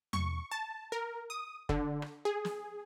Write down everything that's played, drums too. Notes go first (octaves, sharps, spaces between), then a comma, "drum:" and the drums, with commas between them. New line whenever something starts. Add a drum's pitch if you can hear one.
C#6, drum: tom E2
A5
A#4
D#6
D3, drum: kick
drum: rim click
G#4
drum: snare